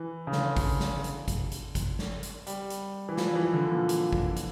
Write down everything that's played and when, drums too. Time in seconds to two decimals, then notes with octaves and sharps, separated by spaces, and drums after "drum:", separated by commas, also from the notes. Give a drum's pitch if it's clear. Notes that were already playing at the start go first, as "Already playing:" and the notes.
Already playing: E3
0.27 C#3
0.33 D3, drum: snare
0.57 drum: kick G#1, open hi-hat
0.80 drum: snare
1.04 drum: hi-hat
1.28 drum: kick G#1, hi-hat
1.51 drum: hi-hat
1.75 drum: kick G#1, hi-hat
1.99 drum: snare
2.23 drum: hi-hat
2.47 G3, drum: hi-hat
2.70 drum: hi-hat
3.09 E3
3.17 F3, drum: snare
3.35 E3
3.53 D3
3.71 A#2
3.89 drum: hi-hat
4.13 drum: kick G#1
4.36 drum: hi-hat